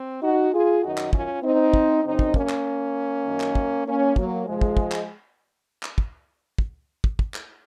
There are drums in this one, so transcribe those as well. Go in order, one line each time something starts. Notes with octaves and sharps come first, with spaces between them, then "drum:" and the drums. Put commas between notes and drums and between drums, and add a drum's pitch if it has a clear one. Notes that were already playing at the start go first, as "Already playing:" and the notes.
Already playing: C4
D#4 F#4
F4 G#4
F#2 D#3 D#4 F#4
drum: clap
C#4 F4, drum: kick
C4 D#4
drum: kick
F#2 C#3 C4 D#4
drum: kick
A#3 C#4, drum: kick
drum: clap
F#2 D#3
drum: clap
drum: kick
A#3 C#4
F#3 A#3, drum: kick
F2 C3 D#3 F3 G#3
drum: kick
drum: kick
drum: clap
drum: clap
drum: kick
drum: kick
drum: kick
drum: kick
drum: clap